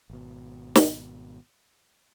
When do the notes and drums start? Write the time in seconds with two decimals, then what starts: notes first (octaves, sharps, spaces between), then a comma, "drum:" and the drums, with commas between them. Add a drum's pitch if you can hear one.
0.10 G#1 B2
0.75 drum: snare